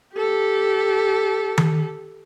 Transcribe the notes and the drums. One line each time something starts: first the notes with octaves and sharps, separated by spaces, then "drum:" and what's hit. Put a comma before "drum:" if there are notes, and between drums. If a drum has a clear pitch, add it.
G4 A4
drum: tom D#3